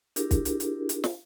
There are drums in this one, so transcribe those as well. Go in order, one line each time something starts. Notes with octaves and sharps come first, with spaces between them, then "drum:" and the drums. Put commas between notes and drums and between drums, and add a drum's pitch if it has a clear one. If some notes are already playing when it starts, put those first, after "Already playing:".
D4 E4 F4 G4 G#4 A#4, drum: hi-hat
drum: kick, hi-hat
drum: hi-hat
drum: hi-hat
drum: hi-hat
drum: snare